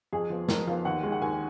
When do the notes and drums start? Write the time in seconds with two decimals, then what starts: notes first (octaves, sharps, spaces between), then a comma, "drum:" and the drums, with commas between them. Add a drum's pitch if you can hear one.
0.13 F2 G#4
0.30 F3 B3
0.49 F2 A#4, drum: snare
0.67 F3 B3 F5
0.85 D#2 F#5
1.03 D#3 G#3 D#4
1.12 F#5
1.22 D#2 G#5